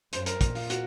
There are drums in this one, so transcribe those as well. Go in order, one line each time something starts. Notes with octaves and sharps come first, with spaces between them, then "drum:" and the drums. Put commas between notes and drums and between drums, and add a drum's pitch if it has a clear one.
F#2 C5, drum: hi-hat
A#4, drum: hi-hat
A#2, drum: kick, hi-hat
F4, drum: open hi-hat
F#4, drum: hi-hat